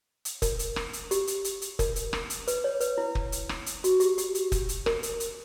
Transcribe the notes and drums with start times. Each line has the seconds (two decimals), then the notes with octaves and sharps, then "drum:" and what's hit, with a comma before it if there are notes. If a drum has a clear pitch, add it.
0.25 drum: hi-hat
0.42 A#4, drum: kick, hi-hat
0.59 drum: hi-hat
0.76 drum: rim click
0.93 drum: hi-hat
1.11 G4, drum: hi-hat
1.27 drum: hi-hat
1.45 drum: hi-hat
1.62 drum: hi-hat
1.79 A#4, drum: kick, hi-hat
1.96 drum: hi-hat
2.13 drum: rim click
2.30 drum: hi-hat
2.48 B4, drum: hi-hat
2.64 C#5
2.80 B4, drum: hi-hat
2.98 E4
3.15 drum: kick
3.32 drum: hi-hat
3.49 drum: rim click
3.66 drum: hi-hat
3.84 F#4, drum: hi-hat
4.00 G4, drum: hi-hat
4.18 G4, drum: hi-hat
4.35 drum: hi-hat
4.52 drum: kick, hi-hat
4.69 drum: hi-hat
4.86 A#4, drum: rim click
5.03 drum: hi-hat
5.20 drum: hi-hat